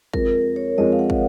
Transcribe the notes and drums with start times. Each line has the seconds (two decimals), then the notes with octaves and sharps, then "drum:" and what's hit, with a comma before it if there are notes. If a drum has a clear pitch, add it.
0.14 F2 F3 G#3 A#4, drum: kick
0.56 C#5
0.78 F2 F3 G#3 D#5
0.92 F5
0.99 F#5
1.10 drum: kick